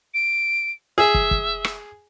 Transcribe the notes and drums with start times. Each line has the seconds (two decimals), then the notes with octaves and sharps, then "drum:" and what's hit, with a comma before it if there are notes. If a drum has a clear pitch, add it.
0.14 D7
0.98 G#4 E5
1.14 drum: kick
1.31 drum: kick
1.64 drum: rim click